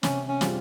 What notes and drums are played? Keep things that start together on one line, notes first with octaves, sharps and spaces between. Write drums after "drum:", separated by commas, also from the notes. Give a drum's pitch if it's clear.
C3 C#4, drum: snare
C#4
G3 C4 F4 G#4, drum: snare